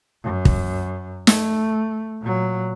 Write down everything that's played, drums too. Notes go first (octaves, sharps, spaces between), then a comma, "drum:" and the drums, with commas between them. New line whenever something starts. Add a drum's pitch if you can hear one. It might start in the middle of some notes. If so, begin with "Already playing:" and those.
F#2
drum: kick
A3, drum: snare
A#2 F#3